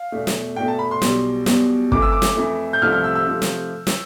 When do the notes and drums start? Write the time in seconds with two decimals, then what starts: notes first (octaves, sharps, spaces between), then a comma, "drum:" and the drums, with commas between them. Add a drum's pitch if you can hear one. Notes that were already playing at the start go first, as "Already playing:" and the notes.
Already playing: F5
0.12 E2 B2 A3
0.27 drum: snare
0.56 E2 B2 A3 G5
0.68 A5
0.79 B5
0.91 C6
1.02 B1 B2 G3, drum: snare
1.46 B1 B2 G3, drum: snare
1.92 F2 E3 A3 D6, drum: kick
2.02 E6
2.12 D6
2.22 drum: snare
2.37 F2 E3 A3
2.73 G6
2.82 C2 C3 F3 A3 F6
2.93 F6
3.04 E6
3.15 E6
3.28 C3 F3 A3
3.42 drum: snare
3.87 drum: snare